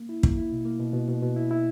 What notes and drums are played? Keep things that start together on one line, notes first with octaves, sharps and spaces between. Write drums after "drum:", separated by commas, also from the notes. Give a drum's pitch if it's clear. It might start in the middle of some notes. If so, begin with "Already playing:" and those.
Already playing: A#3
E4
A#3, drum: kick
E4
B2
A#3
B2
B2
B2
B2
E4
E4